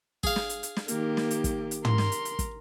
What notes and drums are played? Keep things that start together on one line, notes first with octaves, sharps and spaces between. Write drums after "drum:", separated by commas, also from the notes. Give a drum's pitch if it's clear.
G#4 F5, drum: kick
drum: snare
drum: hi-hat
drum: hi-hat
drum: snare
D#3 A#3 G4, drum: hi-hat
drum: snare
drum: hi-hat
drum: kick, hi-hat
drum: hi-hat
A#4 C6, drum: tom
drum: snare
drum: hi-hat
drum: hi-hat
drum: kick, hi-hat